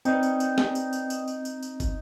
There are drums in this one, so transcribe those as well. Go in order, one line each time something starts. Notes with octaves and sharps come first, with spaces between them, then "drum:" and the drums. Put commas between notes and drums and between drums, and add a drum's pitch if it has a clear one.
C4 D#4 B4 D5 G5, drum: tambourine
drum: tambourine
drum: tambourine
drum: snare
drum: tambourine
drum: tambourine
drum: tambourine
drum: tambourine
drum: tambourine
drum: tambourine
drum: kick, tambourine